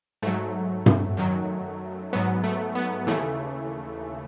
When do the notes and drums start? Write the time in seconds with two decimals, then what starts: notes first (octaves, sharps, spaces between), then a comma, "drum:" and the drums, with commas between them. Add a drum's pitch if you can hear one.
0.22 G#2 F#3 A3
0.86 drum: tom G2
1.17 F#2 D#3 F#3
2.13 G#2 F#3 B3
2.44 A3
2.75 B3
3.07 D#2 C#3 E3 A3